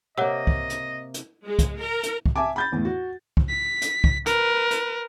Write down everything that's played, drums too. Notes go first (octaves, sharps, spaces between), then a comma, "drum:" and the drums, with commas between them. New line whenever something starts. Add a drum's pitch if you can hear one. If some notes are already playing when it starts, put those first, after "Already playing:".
C3 A#3 C#5 D#5 F#5 E6
drum: kick C2
drum: hi-hat
drum: hi-hat
G#3
drum: kick C2, hi-hat
A#4
drum: hi-hat
drum: kick C2
E5 G#5 A5 D6
B5 G6 A6
E2 A2
F#4
drum: kick C2
B6
drum: hi-hat
drum: kick C2
A#4 B4, drum: hi-hat
drum: hi-hat